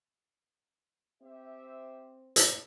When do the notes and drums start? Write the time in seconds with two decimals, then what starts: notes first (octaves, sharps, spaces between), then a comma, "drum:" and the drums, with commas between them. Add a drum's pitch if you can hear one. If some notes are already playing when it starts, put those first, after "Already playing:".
1.22 C4 G4 C5 E5
2.36 drum: hi-hat